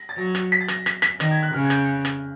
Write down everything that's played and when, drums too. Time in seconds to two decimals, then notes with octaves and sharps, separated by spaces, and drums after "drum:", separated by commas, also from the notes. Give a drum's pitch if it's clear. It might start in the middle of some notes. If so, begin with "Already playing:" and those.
Already playing: A#6
0.09 A6
0.17 F#3 A#6
0.35 drum: rim click
0.52 B6
0.61 A6
0.68 A#6, drum: rim click
0.86 B6, drum: rim click
1.02 B6, drum: rim click
1.20 D#3 A#6, drum: rim click
1.31 G#6
1.42 F#6
1.54 C#3 F6
1.64 G#6
1.70 G6, drum: rim click
2.05 drum: rim click